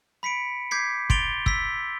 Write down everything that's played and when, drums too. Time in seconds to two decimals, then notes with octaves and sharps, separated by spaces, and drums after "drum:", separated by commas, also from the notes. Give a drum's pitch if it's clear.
0.23 B5 B6 C#7 D7
0.71 D6 G6 G#6 B6 C7
1.10 C6 A6 D7 F7 G7, drum: kick
1.46 E6 B6, drum: kick